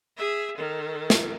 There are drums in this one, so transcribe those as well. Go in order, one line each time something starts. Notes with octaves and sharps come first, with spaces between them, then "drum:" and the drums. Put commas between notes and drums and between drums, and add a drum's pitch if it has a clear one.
G#4 E5
D#3 A4
drum: snare